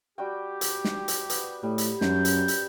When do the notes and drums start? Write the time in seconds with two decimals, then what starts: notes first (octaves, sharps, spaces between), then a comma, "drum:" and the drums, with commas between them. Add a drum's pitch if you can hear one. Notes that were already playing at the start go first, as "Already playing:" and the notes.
0.18 G3 F#4 G4 G5
0.61 drum: hi-hat
0.85 drum: snare
1.08 drum: hi-hat
1.30 B3, drum: hi-hat
1.63 A2 G3
1.78 drum: hi-hat
2.01 F#2 G6, drum: snare
2.25 drum: hi-hat
2.48 drum: hi-hat